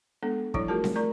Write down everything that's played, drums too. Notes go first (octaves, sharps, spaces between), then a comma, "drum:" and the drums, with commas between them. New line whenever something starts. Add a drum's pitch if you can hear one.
G#3 B3 D4 A4
E3 F3 G3 D4 E4 C#5, drum: kick
A3 F4 F#4 G#4 A#4 A5
drum: snare C4
A3 A#4 D5 A#5 C#6